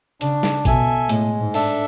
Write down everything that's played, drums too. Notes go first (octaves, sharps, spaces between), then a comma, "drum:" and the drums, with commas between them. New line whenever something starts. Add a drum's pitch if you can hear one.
C#3 D4, drum: hi-hat
drum: snare
B2 A4 E5 G#5, drum: kick A1, hi-hat
A2 G#3, drum: hi-hat
G#2
D4 A4 E5, drum: open hi-hat